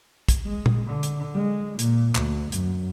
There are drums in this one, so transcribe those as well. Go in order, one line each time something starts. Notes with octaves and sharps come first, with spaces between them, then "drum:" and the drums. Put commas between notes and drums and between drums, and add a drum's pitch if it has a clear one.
drum: kick, hi-hat
G#3
drum: tom
D3
drum: hi-hat
G#3
A#2, drum: hi-hat
D2, drum: clap
F#2, drum: hi-hat